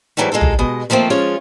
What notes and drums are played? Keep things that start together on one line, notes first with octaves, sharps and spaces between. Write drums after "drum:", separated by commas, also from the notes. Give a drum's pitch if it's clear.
G#2 C3 E3 F#3 G3 A3
G#3 A#3 F4 A4
drum: tom
B2 G#3 D#5
D#3 F3 A3 A#3 C4
F3 G#3 C#4 F4 C#5